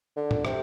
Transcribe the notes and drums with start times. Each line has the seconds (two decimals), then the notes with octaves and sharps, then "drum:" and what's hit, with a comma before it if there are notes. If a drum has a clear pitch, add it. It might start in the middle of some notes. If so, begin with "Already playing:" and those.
0.16 D3
0.31 drum: tom A2
0.45 C3, drum: rim click